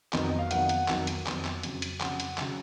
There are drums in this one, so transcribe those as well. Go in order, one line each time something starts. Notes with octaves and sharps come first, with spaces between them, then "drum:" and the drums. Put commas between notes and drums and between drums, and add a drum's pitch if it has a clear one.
F2 D#3 F#3 B3, drum: clap
D#5
F5
F2 D#3 F#3 B3 F#5, drum: hi-hat
F#5, drum: hi-hat
F2 D#3 F#3 B3, drum: clap
drum: hi-hat
F2 D#3 F#3 B3, drum: clap
drum: clap
F2 C#3 F#3, drum: hi-hat
drum: hi-hat
F2 C#3 F#3 F#5, drum: clap
drum: hi-hat
C#3 F#3, drum: clap